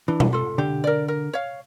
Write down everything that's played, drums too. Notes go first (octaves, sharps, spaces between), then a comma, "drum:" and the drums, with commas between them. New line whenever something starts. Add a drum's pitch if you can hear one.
E3 D4
drum: tom B2
F4 A4
D3 G4
A#4 D5
A#4
C#5 F5